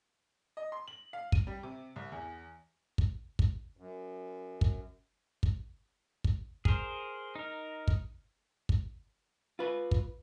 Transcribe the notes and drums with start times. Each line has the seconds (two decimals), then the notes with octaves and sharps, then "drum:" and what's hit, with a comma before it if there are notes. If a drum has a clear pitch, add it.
0.57 D#5
0.72 C6
0.88 F#7
1.13 F5
1.32 D#7, drum: kick
1.47 G3
1.63 C3
1.96 C2
2.12 E2
2.98 drum: kick
3.39 drum: kick
3.77 F#2
4.61 drum: kick
5.43 drum: kick
6.24 drum: kick
6.65 G#4 A#4 C5, drum: kick
7.35 D#4 A#4
7.88 drum: kick
8.69 drum: kick
9.59 F4 B4
9.91 drum: kick